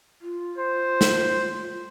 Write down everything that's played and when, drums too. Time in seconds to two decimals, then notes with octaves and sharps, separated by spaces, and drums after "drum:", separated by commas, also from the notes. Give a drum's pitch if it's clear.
0.21 F4
0.58 C5
1.01 drum: snare